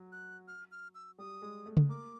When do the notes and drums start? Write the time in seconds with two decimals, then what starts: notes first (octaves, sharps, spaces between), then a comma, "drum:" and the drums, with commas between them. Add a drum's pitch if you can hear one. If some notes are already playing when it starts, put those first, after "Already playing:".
Already playing: F#3
0.12 F#6
0.48 F6
0.71 F6
0.95 E6
1.18 G3 D#6
1.42 G#3
1.66 A3
1.77 drum: tom C#3
1.89 A#3 D6